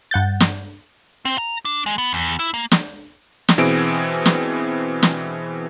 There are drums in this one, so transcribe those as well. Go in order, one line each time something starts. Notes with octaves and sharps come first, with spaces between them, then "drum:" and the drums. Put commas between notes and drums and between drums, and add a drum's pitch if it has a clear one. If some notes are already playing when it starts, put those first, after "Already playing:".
G2 F#5 G6 A6
drum: snare
C4
A#5
D4
G#3
B3
E2
E4
A#3
drum: snare
drum: snare
B2 E3 C4 G#4 D7
drum: snare
drum: snare